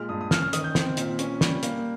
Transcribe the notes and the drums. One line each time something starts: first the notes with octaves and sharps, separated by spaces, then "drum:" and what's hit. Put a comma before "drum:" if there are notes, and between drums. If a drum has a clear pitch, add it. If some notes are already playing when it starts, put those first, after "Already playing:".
Already playing: A#2 G#3 F6
G2 D#6
D#6
C#4 F6, drum: snare
F6
D#3 D#6, drum: hi-hat
G6
C4, drum: snare
A#2, drum: hi-hat
C#4, drum: hi-hat
G3, drum: snare
A#3, drum: hi-hat